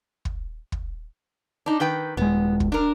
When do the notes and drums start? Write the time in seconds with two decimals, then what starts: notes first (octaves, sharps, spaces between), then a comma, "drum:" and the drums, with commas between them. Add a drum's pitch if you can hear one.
0.25 drum: kick
0.72 drum: kick
1.66 D4 D#4
1.80 D#3 B4 G5
2.17 D#1 G#3 B3
2.60 drum: kick
2.72 D4 A#4